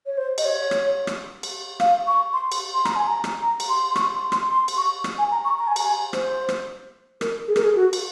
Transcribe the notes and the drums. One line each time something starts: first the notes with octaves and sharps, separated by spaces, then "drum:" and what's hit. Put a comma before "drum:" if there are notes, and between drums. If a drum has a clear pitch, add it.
C#5
C5
D#5, drum: cymbal
C#5
drum: rim click
drum: rim click
drum: cymbal
F5, drum: rim click
C#6
C6
drum: cymbal
C6
A#5, drum: rim click
G#5
A#5
drum: rim click
A#5
drum: cymbal
C6
C6
C#6, drum: rim click
C6
C6, drum: rim click
C6
drum: cymbal
C#6
drum: rim click
G#5
A#5
C#6
A#5
G#5
A#5, drum: cymbal
G#5
C5, drum: rim click
drum: rim click
A#4, drum: rim click
G#4
A#4, drum: rim click
G#4
F#4
drum: cymbal